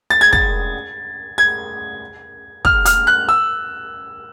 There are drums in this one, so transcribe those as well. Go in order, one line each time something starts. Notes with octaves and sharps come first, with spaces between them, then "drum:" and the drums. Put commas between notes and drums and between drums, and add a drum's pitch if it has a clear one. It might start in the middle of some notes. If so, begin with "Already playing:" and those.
A6
G#6
A6, drum: kick
G#6
F6, drum: kick
F6, drum: hi-hat
F#6
E6